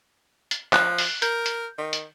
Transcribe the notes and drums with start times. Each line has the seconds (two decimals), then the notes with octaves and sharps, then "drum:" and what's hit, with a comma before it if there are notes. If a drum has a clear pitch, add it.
0.51 drum: hi-hat
0.73 F3 F#6, drum: clap
0.98 drum: open hi-hat
1.22 A#4 G6, drum: hi-hat
1.46 drum: hi-hat
1.78 D#3
1.93 drum: hi-hat